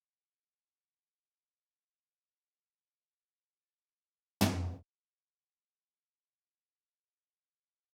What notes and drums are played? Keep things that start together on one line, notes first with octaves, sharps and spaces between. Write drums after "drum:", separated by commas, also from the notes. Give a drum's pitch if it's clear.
A#3 C#4 E4 F4 A4 A#4
G#3 D5
A6 E7
drum: tom
G5 D#6